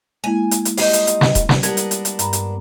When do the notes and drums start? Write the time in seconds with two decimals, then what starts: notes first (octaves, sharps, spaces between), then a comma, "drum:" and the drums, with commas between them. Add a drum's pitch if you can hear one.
0.24 G#3 A#3 E4 G#5
0.51 drum: hi-hat
0.65 drum: hi-hat
0.78 G3 D#4 C5, drum: open hi-hat
0.93 drum: hi-hat
1.07 drum: hi-hat
1.21 drum: snare
1.35 drum: kick D#1, hi-hat
1.49 drum: snare
1.63 G3 B3 D4 G4 A#4 G#6, drum: hi-hat
1.77 drum: hi-hat
1.91 drum: hi-hat
2.05 drum: hi-hat
2.19 G2 A#5 B5, drum: hi-hat
2.33 drum: hi-hat